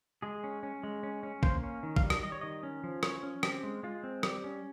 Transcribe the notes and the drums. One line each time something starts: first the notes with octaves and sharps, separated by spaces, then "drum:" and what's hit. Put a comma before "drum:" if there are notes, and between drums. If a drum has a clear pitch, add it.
G#3 G#4
C#4
C#4
G#3
C#4
C#4
A#3 C5, drum: kick
C#4
D#3
F5, drum: kick
G3
D#5, drum: rim click
G3 D#5
C#5
D#3 D#5
C#4
F3
C#4 C#5, drum: rim click
C#4
C4 G4, drum: rim click
G#3
G#3 F4
C4
G3 G4, drum: rim click
C#4